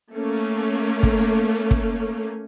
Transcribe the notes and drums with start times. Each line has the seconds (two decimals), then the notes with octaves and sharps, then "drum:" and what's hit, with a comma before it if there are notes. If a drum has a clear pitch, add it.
0.12 A3 A#3 C#4
1.03 drum: kick
1.71 drum: kick